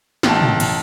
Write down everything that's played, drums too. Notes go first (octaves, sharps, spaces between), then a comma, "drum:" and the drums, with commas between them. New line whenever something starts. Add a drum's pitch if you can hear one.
A1 G5 A5, drum: snare
drum: tom
drum: cymbal